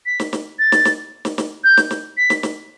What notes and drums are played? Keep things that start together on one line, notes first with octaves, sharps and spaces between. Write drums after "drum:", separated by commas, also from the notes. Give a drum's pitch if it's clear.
B6
drum: snare
drum: snare
A6
drum: snare
drum: snare
drum: snare
drum: snare
G6
drum: snare
drum: snare
B6
drum: snare
drum: snare